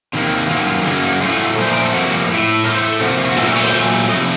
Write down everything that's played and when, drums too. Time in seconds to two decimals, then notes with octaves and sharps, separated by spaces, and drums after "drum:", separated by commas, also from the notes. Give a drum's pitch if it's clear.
0.13 C3 D#3 A#3
0.48 F#2 D#3 F#3 A#3 F4
0.67 F4
0.85 F#2 C#3 F#3 A#3 D#4
1.03 D#4
1.21 A2 F#3 A3 F4
1.58 A#2 F3 A3 C5
1.72 A#4
1.83 A4
1.93 F2 C3 F3 A#3 F#4
2.29 A2 A3
2.65 A2 A3 A#4
2.75 C5
2.92 A4
3.01 C3 F3 A#3 F#4
3.11 F#4
3.20 F4
3.29 F#4
3.37 A#2 F#3 A3 A4, drum: hi-hat
3.46 A#4
3.56 C#5, drum: open hi-hat
3.64 C5
3.73 A#2 F#3 A3
4.09 C3 F3 A3 D#5